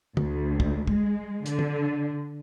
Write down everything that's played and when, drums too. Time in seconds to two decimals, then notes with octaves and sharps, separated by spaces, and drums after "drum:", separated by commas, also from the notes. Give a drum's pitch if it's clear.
0.17 D2, drum: tom
0.60 drum: kick
0.87 G#3, drum: kick
1.46 D3, drum: hi-hat
1.59 drum: tom